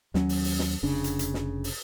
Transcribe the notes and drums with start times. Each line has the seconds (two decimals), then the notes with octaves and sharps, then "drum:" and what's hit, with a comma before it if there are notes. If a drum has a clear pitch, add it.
0.14 D#2 F#3 C#4, drum: snare
0.29 drum: open hi-hat
0.44 drum: open hi-hat
0.59 drum: snare
0.83 F1 C#3 D4
1.04 drum: hi-hat
1.19 drum: hi-hat
1.34 drum: snare
1.64 drum: open hi-hat